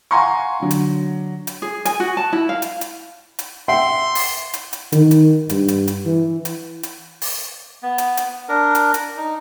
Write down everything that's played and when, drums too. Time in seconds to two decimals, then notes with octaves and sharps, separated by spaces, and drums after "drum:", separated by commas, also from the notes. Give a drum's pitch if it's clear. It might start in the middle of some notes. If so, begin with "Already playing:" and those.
0.11 F5 F#5 G#5 A#5 C6 C#6
0.60 D3 F#3
0.71 drum: hi-hat
1.47 drum: hi-hat
1.62 G#4
1.85 G#5, drum: hi-hat
2.00 F#4
2.17 A5
2.33 E4
2.49 F5
2.62 drum: hi-hat
2.81 drum: hi-hat
3.39 drum: hi-hat
3.68 E5 F#5 G5 C6
4.15 drum: open hi-hat
4.54 drum: hi-hat
4.73 drum: hi-hat
4.92 D#3, drum: hi-hat
5.11 drum: hi-hat
5.50 G2, drum: hi-hat
5.68 drum: hi-hat
5.88 drum: hi-hat
6.06 E3
6.45 drum: hi-hat
6.83 drum: hi-hat
7.22 drum: open hi-hat
7.83 B3
7.98 drum: hi-hat
8.17 drum: hi-hat
8.49 D4 A#4
8.75 drum: hi-hat
8.94 drum: hi-hat
9.17 D#4